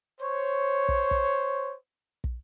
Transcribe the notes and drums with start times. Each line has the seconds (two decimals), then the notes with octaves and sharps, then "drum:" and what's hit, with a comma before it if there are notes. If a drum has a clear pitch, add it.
0.21 C5 C#5
0.88 drum: kick
1.11 drum: kick
2.24 drum: kick